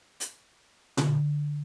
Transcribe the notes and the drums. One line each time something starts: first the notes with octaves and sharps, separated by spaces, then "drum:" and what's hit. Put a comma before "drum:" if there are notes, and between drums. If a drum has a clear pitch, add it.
drum: hi-hat
D3, drum: tom A#2